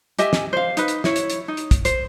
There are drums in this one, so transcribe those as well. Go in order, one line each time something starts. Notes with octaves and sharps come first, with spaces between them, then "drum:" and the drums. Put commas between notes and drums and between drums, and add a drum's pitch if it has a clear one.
G4 D#5 E5 G#5, drum: hi-hat
drum: snare
C5 F5
D#4 B4, drum: hi-hat
drum: hi-hat
E4 C#5, drum: snare
drum: hi-hat
drum: hi-hat
D#4
drum: hi-hat
drum: kick, hi-hat
C5, drum: hi-hat